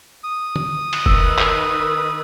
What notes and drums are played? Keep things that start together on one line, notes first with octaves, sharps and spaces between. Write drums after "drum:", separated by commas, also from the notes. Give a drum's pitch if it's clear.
D#6
drum: tom
drum: cymbal
D#3 B4 E6, drum: kick
drum: clap